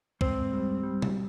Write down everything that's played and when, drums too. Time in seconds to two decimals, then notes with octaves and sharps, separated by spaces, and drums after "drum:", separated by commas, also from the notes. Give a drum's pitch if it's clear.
0.21 G#2 C4 C5, drum: kick
0.52 G3
0.83 G3
1.02 drum: tom B2